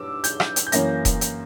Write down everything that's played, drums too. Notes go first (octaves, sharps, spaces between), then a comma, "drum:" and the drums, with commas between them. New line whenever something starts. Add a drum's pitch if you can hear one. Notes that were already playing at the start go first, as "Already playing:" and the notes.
Already playing: G2 D6 E6
G6, drum: hi-hat
drum: rim click
drum: hi-hat
G6
F#2 E3 A#3 C#4 A#6, drum: hi-hat
drum: kick E1, hi-hat
drum: hi-hat